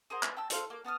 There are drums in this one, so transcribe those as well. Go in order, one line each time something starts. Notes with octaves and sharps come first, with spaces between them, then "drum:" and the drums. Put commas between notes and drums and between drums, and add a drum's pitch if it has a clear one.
G#4 A#4 C5 F#5
B4, drum: clap
G5 A5 E6
A4 C5 F5, drum: hi-hat
A#3 D6
B3 A5 D#6 F6